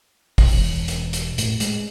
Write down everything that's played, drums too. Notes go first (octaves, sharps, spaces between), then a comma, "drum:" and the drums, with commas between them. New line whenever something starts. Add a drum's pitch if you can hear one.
drum: kick, open hi-hat
E1
drum: hi-hat
drum: hi-hat
A2, drum: hi-hat
G#3, drum: hi-hat